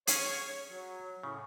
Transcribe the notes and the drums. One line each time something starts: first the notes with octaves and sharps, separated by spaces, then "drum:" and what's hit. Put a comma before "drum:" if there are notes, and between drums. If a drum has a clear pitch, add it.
C#4 G#4 C#5 C#6, drum: hi-hat
F#3
A2 C#3